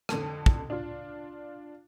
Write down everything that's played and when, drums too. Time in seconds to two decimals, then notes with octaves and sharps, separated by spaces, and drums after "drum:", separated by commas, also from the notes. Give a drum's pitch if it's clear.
0.09 F2 D3, drum: rim click
0.46 drum: kick
0.70 D4 F4